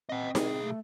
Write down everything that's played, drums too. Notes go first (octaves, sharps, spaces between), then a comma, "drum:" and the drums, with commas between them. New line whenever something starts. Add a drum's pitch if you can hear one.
C4 D#5 F#5
B1 G#4, drum: snare D#4
A3